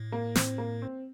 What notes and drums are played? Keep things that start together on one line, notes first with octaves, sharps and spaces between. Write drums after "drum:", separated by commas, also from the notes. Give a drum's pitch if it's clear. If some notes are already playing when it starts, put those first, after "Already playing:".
Already playing: A2
A#3
C4, drum: snare
A#3
C4